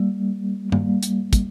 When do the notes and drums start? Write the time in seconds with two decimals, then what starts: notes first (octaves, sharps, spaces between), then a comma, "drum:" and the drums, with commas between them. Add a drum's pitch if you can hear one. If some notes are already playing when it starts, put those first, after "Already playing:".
Already playing: G3 A#3
0.72 G3 A#3, drum: tom G2
1.03 drum: hi-hat
1.33 drum: kick, hi-hat